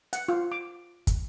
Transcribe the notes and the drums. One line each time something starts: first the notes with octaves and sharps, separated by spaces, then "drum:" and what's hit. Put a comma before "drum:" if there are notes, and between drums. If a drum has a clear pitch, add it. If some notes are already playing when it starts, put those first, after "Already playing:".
F#5, drum: hi-hat
F4
D6
drum: kick, hi-hat